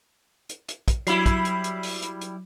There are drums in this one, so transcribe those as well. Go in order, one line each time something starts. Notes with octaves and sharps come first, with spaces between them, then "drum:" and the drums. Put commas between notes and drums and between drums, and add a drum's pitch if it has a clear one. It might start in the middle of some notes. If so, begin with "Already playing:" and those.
drum: hi-hat
drum: hi-hat
drum: kick, hi-hat
F#3 G3 E4 B5 C7, drum: hi-hat
drum: kick, hi-hat
drum: hi-hat
drum: hi-hat
drum: open hi-hat
drum: hi-hat
drum: hi-hat